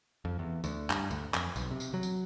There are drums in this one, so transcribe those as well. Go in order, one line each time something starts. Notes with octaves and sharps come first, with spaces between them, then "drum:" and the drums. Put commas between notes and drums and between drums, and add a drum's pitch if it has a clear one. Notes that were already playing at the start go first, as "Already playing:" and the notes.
F2
E2
D2, drum: tambourine
G2, drum: clap
D2, drum: tambourine
F2, drum: clap
B1, drum: tambourine
C3
drum: tambourine
F#3
drum: tambourine